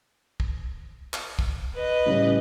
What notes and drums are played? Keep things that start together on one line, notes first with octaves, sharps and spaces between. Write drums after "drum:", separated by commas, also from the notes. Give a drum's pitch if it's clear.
drum: kick
drum: clap
drum: kick
B4 D#5
A2 C#3 G3